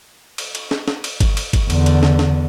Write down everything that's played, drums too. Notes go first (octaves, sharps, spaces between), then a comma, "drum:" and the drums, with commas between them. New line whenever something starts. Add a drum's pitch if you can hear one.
drum: cymbal
drum: cymbal
drum: snare
drum: snare
drum: cymbal
drum: kick G1, cymbal
drum: cymbal
drum: kick G1, cymbal
E2 D3, drum: cymbal
drum: cymbal
drum: snare
drum: snare